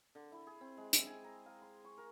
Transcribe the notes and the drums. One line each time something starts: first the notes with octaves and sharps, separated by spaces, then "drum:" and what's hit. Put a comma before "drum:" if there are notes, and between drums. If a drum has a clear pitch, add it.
D3
E4
G#4
C4
G#3
E5, drum: hi-hat
G#5
A#5
F5
C6
C#6
A#4